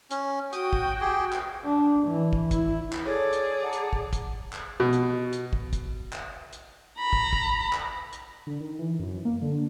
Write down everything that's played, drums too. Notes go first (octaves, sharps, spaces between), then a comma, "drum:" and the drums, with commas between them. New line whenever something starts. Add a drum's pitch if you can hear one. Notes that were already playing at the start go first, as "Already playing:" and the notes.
C#4, drum: hi-hat
F#4 G5 D#6, drum: hi-hat
drum: kick
G4 G#4
drum: clap
D4
E3
drum: kick
E4, drum: kick, hi-hat
drum: clap
G#4 A4 C#5 D5
drum: hi-hat
F#5 A5 A#5
drum: hi-hat
drum: kick
drum: kick, hi-hat
drum: clap
B2
drum: hi-hat
drum: hi-hat
drum: kick
drum: kick, hi-hat
drum: clap
drum: hi-hat
A#5 B5
drum: kick
drum: kick
drum: clap
drum: hi-hat
D3
D#3
E3
F#2
A#3
D3